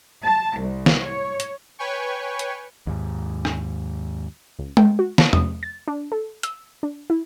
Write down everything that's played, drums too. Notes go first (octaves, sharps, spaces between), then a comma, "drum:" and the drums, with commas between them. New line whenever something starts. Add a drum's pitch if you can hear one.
A5
C2
drum: snare
C#5
drum: hi-hat
B4 C#5 G5 G#5 C#6
drum: hi-hat
D#2 G#2
drum: rim click
C#2
G5, drum: tom G#3
F#4
A5, drum: snare
D#6, drum: tom E2
A6
D4
A4
E6, drum: hi-hat
D4
E4